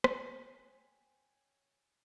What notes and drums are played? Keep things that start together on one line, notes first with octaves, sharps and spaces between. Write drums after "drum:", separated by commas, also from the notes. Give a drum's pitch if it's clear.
C#5 G5 G#5, drum: rim click